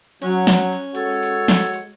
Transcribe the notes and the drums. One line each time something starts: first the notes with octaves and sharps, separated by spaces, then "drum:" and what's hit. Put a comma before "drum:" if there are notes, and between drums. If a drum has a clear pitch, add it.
F#3 C#4, drum: hi-hat
drum: snare
drum: hi-hat
G#3 F#4 A4 C#5, drum: hi-hat
drum: hi-hat
drum: snare
drum: hi-hat